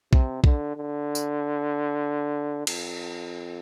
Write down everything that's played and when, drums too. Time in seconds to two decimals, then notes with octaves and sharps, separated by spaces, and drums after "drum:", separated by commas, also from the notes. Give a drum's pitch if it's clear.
0.13 C3, drum: kick B1
0.44 D3, drum: kick B1
0.77 D3
1.15 drum: tambourine
2.67 F2, drum: cymbal